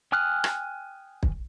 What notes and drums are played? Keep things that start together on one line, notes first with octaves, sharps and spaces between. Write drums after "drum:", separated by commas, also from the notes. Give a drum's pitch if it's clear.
G5 G#5 D#6 F6 F#6
drum: rim click
drum: kick